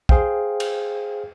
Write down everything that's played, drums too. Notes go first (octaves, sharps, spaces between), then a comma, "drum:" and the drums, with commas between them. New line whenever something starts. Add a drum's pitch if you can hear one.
G#4 C5 F5 G5, drum: kick
drum: cymbal